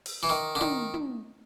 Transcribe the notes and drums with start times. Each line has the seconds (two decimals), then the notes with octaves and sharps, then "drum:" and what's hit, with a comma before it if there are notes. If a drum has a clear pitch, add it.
0.06 drum: open hi-hat
0.23 E3
0.30 D#3
0.55 D3
0.61 D#3, drum: tom
0.94 drum: tom